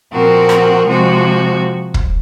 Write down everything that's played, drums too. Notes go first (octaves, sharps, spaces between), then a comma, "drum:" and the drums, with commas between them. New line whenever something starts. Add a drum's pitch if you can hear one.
A#2 F3 C4 F#4 A#4
drum: rim click
C3 F3 G#3 C4 F#4
drum: kick